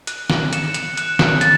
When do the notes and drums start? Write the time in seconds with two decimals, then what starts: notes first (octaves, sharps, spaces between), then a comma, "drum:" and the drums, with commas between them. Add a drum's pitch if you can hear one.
0.07 F#6, drum: hi-hat
0.30 drum: snare
0.53 C#7 E7, drum: hi-hat
0.74 drum: hi-hat
0.97 F#6, drum: hi-hat
1.19 drum: snare
1.41 A6, drum: hi-hat